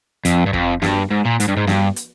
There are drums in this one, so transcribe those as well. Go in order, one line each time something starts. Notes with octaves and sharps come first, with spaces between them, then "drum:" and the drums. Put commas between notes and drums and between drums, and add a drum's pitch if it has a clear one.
F2, drum: hi-hat
G2
F2, drum: kick
G2, drum: snare
G#2
A#2
G#2, drum: hi-hat
G2
G#2
G2, drum: snare
drum: hi-hat